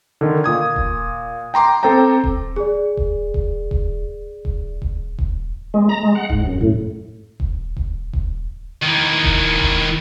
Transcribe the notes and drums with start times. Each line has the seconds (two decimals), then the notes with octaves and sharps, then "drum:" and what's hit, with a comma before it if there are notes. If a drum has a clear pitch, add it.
0.21 D3 D#3
0.44 A#2 D#6 G#6
0.76 drum: kick D#1
1.54 G5 A#5 C6 D6
1.83 C4 A4 C5 G5 A#5
2.24 drum: kick D#1
2.56 G#4 D5
2.97 drum: kick D#1
3.34 drum: kick D#1
3.71 drum: kick D#1
4.45 drum: kick D#1
4.82 drum: kick D#1
5.19 drum: kick D#1
5.74 G#3
5.89 A#5
6.03 G#3
6.15 F#5
6.30 G#2, drum: kick D#1
6.46 F#2
6.61 A2
7.40 drum: kick D#1
7.77 drum: kick D#1
8.13 drum: kick D#1
8.82 D#3 E3
9.24 drum: kick D#1
9.61 drum: kick D#1